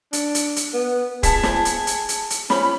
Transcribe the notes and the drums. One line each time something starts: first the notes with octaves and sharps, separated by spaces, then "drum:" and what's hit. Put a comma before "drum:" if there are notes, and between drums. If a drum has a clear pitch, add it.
D4, drum: hi-hat
drum: hi-hat
drum: hi-hat
B3
G#4 A5 B6, drum: kick, hi-hat
drum: snare
drum: hi-hat
drum: hi-hat
drum: hi-hat
drum: hi-hat
C#4 B5, drum: snare